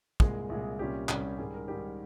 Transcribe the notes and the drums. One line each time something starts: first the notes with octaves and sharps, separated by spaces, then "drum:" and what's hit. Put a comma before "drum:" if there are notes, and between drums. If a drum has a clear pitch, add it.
C2 A#2 G#3 G#4, drum: kick
C2 A#2 G#3
C2 A#2 G3 C#4 G4
C2 A#2 G3 C#4, drum: clap
G#2 D#3 G3 G#4
A#4
G#2 D#3 G3 G4